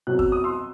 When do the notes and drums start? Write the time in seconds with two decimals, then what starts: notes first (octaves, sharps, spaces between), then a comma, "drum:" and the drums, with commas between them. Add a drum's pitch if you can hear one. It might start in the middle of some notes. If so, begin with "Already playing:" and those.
0.07 B2 F#3 C4 F#6
0.19 E6, drum: kick
0.32 D#6
0.44 C6 E6